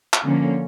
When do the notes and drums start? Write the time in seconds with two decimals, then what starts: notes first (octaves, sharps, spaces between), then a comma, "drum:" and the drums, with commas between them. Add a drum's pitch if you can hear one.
0.13 drum: clap
0.23 D3 F3 A#3 C#4